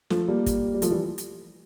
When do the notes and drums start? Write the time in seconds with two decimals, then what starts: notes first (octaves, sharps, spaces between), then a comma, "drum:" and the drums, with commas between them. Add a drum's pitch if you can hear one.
0.10 F3 A3, drum: snare
0.28 G3 A#3
0.46 drum: kick, hi-hat
0.74 G3
0.82 F3 A3, drum: hi-hat
0.91 E3 G3
1.18 drum: hi-hat